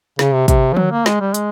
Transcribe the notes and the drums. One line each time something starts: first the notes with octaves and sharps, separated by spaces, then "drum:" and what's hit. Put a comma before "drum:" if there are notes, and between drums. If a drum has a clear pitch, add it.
C#3, drum: snare
C3
C3, drum: kick, hi-hat
F3
F#3, drum: tom
A#3
G#3, drum: snare
G3
G#3, drum: hi-hat